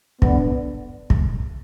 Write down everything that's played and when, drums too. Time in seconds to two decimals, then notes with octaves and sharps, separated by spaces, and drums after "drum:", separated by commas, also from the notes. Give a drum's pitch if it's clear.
0.22 D3 B3, drum: kick
1.10 drum: kick